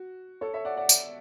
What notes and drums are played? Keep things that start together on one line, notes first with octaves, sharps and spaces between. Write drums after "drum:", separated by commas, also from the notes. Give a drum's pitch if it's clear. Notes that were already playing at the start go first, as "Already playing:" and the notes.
Already playing: F#4
A4 C#5
C#5 E5
D5 F#5
D5 F#5
drum: tambourine